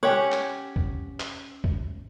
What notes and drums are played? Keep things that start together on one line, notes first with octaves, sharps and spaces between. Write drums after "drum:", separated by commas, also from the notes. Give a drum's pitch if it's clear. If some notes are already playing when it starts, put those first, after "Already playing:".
C#4 G4 C#5 F#5
drum: clap
drum: kick C#2
drum: clap
drum: kick C#2